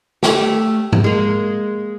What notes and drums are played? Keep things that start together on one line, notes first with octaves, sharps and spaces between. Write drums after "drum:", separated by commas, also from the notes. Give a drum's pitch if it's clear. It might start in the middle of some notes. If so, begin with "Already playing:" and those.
A3 C#4 G4, drum: snare
drum: tom G#2
G#3 A#3